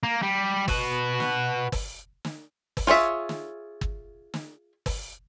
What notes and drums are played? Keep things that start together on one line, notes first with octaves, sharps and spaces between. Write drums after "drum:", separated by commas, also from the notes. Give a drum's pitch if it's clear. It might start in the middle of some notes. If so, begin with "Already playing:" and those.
A#3
G3
F#4 B4, drum: kick, open hi-hat
drum: snare
drum: kick, open hi-hat
drum: snare
drum: kick, open hi-hat
F4 G#4 C#5 E5
drum: snare
drum: kick
drum: snare
drum: kick, open hi-hat